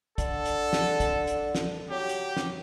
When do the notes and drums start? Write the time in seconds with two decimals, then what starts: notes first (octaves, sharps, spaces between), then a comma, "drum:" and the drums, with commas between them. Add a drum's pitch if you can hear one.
0.18 D3 A4, drum: kick, hi-hat
0.45 drum: hi-hat
0.73 drum: snare
1.00 drum: kick, hi-hat
1.27 drum: hi-hat
1.55 drum: snare
1.91 F#3 G4
2.09 drum: hi-hat
2.37 drum: snare